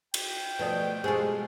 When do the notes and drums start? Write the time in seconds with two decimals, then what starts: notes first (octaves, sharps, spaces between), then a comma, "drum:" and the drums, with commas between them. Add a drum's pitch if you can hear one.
0.14 G5, drum: cymbal
0.59 B2 F3 A3 G#4 B4 D5
1.04 B2 G#3 A3 F4 G4 G#4 C5 G#5